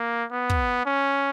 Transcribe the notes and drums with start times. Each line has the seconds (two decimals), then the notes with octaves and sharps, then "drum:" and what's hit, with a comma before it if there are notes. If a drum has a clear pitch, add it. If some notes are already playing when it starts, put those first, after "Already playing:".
Already playing: A#3
0.32 B3
0.50 drum: kick
0.86 C#4